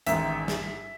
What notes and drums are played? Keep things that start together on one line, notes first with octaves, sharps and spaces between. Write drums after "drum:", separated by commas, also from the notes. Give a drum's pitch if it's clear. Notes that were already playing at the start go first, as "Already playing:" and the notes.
A1 G#2 D#3 E5, drum: hi-hat
drum: snare